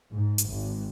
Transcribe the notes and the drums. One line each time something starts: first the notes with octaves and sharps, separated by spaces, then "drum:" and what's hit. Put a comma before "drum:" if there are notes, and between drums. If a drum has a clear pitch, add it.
G#2
drum: hi-hat
G#1